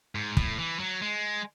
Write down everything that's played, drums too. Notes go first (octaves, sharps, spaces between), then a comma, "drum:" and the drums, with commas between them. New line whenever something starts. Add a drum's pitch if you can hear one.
G#2
A2, drum: kick
E3
F#3
G#3